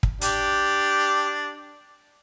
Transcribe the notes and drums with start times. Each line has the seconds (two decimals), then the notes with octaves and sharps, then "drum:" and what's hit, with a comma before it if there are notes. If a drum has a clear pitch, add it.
0.03 drum: kick
0.21 D4 G4, drum: hi-hat